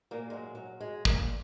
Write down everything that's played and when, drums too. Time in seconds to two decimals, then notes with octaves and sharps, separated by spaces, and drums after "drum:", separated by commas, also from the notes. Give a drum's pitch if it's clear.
0.11 A#2 A#3
0.30 A#2 F#3 G#3
0.55 F#3
0.81 G#3
1.05 A#2 A#3, drum: kick